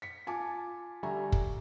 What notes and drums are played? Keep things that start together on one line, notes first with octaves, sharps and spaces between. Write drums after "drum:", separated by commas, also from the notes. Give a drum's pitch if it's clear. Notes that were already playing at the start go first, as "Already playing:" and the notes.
B6 C#7
F4 G#5 A5 D6
D3 G3 E5 G#5 A#5 C#6
drum: kick